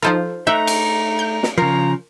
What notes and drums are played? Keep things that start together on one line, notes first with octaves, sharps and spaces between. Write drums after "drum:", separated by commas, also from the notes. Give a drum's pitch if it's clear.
F3 D#4 F4 A4 C5
A3 D#4 D#5 E5 G5 A#5 F#6
drum: cymbal
G6
drum: snare
C#3 F3 A#4 A#5